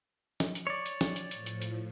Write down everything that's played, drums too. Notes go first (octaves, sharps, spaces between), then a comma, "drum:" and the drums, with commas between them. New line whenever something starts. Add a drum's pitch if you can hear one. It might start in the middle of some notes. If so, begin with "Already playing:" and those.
drum: snare
drum: hi-hat
C#5 D5
drum: hi-hat
drum: snare
drum: hi-hat
A2 F3, drum: hi-hat
drum: hi-hat
drum: hi-hat